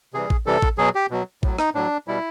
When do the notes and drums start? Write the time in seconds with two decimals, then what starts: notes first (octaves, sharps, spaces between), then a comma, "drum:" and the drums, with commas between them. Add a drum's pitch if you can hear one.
0.14 C3 E3 G3 G#4
0.30 drum: kick A1
0.46 C3 E3 G3 A4
0.62 drum: kick A1
0.78 B2 F#3 G#4
0.95 G4
1.10 B2 F#3
1.43 A2 F#3, drum: kick A1
1.59 D#4, drum: rim click
1.74 A2 F#3 D4
2.08 B2 G3 E4